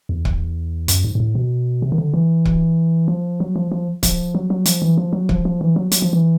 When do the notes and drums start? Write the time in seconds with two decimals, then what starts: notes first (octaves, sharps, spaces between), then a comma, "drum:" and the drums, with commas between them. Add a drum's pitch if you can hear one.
0.09 E2
0.25 drum: kick C#1
0.88 F#2, drum: hi-hat
1.04 G#2
1.15 G#2
1.20 A2
1.35 B2
1.82 C3
1.92 D#3
1.98 D3
2.14 E3
2.45 drum: kick C#1
3.08 F3
3.40 F#3
3.56 F3
3.72 F3
4.03 F3, drum: kick C#1, hi-hat
4.35 F#3
4.50 F#3
4.66 F3, drum: hi-hat
4.82 E3
4.98 F3
5.13 F#3
5.29 F3, drum: kick C#1
5.45 F3
5.61 E3
5.76 F#3
5.92 F#3, drum: hi-hat
6.02 F3
6.13 E3